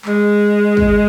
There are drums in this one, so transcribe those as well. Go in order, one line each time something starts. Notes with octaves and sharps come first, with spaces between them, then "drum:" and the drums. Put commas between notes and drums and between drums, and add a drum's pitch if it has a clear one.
G#3, drum: clap
drum: kick